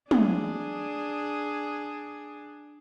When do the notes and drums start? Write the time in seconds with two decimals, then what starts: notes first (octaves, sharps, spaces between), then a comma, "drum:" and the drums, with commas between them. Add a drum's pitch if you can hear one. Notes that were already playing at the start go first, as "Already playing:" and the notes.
0.11 D4 G#4, drum: tom